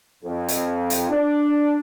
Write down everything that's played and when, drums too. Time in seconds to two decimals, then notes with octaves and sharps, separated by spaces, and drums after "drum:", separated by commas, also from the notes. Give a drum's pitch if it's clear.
0.24 F2
0.48 drum: hi-hat
0.90 drum: hi-hat
1.09 D4